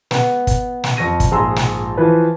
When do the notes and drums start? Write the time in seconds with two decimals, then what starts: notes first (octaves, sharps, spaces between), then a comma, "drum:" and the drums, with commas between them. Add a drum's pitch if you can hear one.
0.11 B3, drum: snare
0.47 drum: kick, hi-hat
0.84 drum: snare
0.97 F2 C#6 A#6 D#7
1.20 drum: kick, hi-hat
1.31 A#1 G#2 G#4 A#5 C6 E6
1.56 drum: snare
1.97 E3 F3 B4